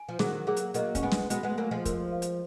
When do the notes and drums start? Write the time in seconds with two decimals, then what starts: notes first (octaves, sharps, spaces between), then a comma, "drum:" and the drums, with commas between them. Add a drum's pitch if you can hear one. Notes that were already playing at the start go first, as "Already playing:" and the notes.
Already playing: G#5
0.09 F3
0.19 D#3 F#3 G#4, drum: snare
0.47 F#3 A#3 G#4
0.56 drum: hi-hat
0.74 F#3 A#3 D#5, drum: hi-hat
0.95 C#4, drum: kick, hi-hat
1.03 G#3 B3 G#5
1.12 drum: snare
1.30 G#3 B3 F#4, drum: hi-hat
1.43 G#3 B3
1.58 F#3 A#3 G#5
1.71 F3 G#3
1.85 A#4, drum: kick, hi-hat
2.12 F5
2.22 drum: hi-hat